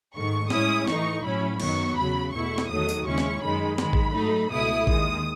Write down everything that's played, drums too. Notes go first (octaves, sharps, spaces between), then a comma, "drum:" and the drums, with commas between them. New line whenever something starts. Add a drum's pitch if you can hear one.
G#2 D#3 A3 C#6
A2 G#3 C#4 E4 D#6, drum: snare
A2 E3 A3 D#4 C#6, drum: snare
A2 F#3 C#4 E4 B5
F#2 D#3 F#3 B3 C#6, drum: cymbal
E2 C#3 F#3 B5
E2 B2 A3 E4 C#6
drum: snare
E2 D#3 F#3 A3 D#6
drum: tambourine
D#2 C#3 G#3 C#4 E4 C#6
drum: snare
F#2 D#3 G#3 D#4 B5
G#2 D#3 G#3 B5, drum: snare
drum: kick A1
G#2 F#3 A3 D#4
C#2 B2 A3 E4 D#6
D#2 D#3 G#3 D#6, drum: kick A1